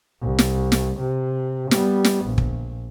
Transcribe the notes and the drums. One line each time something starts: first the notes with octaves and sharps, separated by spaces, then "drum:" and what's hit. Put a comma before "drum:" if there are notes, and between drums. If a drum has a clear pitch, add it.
C2
drum: snare
drum: snare
C3
G3 B3, drum: snare
drum: snare
A#1
drum: kick